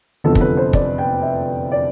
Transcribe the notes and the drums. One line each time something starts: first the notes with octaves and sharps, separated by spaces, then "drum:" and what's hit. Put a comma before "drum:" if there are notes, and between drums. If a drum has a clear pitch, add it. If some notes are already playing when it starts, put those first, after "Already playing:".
F1 E2 D3 F3 A4
A4, drum: kick
B4
C5
D5, drum: kick
G5
E5
D5